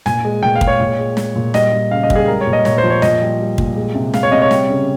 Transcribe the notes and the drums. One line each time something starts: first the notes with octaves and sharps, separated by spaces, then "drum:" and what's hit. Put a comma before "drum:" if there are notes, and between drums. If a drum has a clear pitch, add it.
A#2 G#5, drum: snare
G#3
A#2 G5
F5
G#3, drum: kick
C#5
A#2
G#3
G#3, drum: snare
A#2
G3 D#5, drum: snare
G3
C#3 F5
D#5
G3, drum: kick
G#4
G#3 A#4
C#5
A#2
D#5
A#2 C#5, drum: snare
C5
F3
C#5
A#2 D#5, drum: snare
G3
G3
A#2, drum: kick
G#3
C3
G#3 F5, drum: snare
C#5
C3 D#5
C#5
G3, drum: snare
C#3